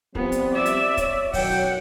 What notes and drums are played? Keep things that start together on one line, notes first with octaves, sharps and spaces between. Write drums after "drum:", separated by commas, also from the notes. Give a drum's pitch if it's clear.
F3 G3 B3 C4, drum: kick
drum: hi-hat
D5 E5
drum: hi-hat
C#5, drum: kick, hi-hat
B2 D#3 F#3 F#5 G5, drum: kick, open hi-hat